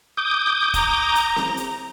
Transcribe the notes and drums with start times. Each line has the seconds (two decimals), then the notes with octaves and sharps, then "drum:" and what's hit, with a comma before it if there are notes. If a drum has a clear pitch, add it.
0.17 D6 D#6 G6
0.74 A#5, drum: kick, hi-hat
1.15 drum: hi-hat
1.36 drum: snare C4
1.57 drum: hi-hat